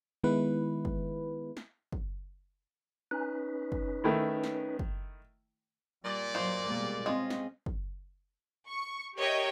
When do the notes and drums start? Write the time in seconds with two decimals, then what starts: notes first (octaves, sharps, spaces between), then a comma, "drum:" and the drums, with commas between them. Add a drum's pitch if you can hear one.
0.24 D#3 G#3 B3 E4 B4
0.85 drum: kick
1.57 drum: snare
1.92 drum: kick
3.11 C#4 D#4 B4
3.72 drum: kick
4.04 D#3 A3 E4
4.44 drum: snare
4.79 drum: kick
6.05 A#2 G3 D5
6.34 G2 D#3 F#3 F4 C5
6.67 B2 G3 G#3 A#3
7.06 G#3 C4 C#4 F4 D#5
7.30 drum: snare
7.66 drum: kick
8.68 C#6
9.18 G4 A#4 C#5 D#5 E5 G5